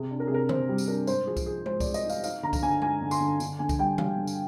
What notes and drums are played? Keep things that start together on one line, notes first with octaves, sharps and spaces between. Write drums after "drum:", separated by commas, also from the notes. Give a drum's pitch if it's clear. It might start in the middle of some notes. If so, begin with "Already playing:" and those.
Already playing: C3 G#4
D4
A#4
G#4
C3 A#4
C3 C5, drum: tom C#3
G3
drum: tambourine
D4 A#4
G#2 C5, drum: tambourine
F3 G#4
drum: kick C2, tambourine
D#4 G#4
G#3 C5, drum: tom G#3
G#3 D5, drum: kick C2, tambourine
D#5, drum: tambourine
D#4
F5, drum: tambourine
D#4 F5, drum: tambourine
D3 A#5
drum: kick C2, tambourine
D3 G#5
D#4 G#5, drum: tom G#3
D3
C6, drum: tambourine
D3
D3, drum: tambourine
D3 G#5
drum: kick C2, tambourine
G3 G5
G3 F5, drum: tom C#3
D3
drum: tambourine